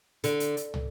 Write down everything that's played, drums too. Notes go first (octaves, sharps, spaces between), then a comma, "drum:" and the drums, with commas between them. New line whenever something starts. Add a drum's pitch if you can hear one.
D3, drum: hi-hat
drum: hi-hat
drum: hi-hat
drum: tom